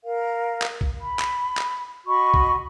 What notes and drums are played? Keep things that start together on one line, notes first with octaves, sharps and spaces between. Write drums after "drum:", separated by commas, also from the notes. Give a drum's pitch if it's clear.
A#4 F5
drum: clap
drum: kick B1
B5
drum: clap
drum: clap
F#4 D#5 B5 C#6
drum: kick B1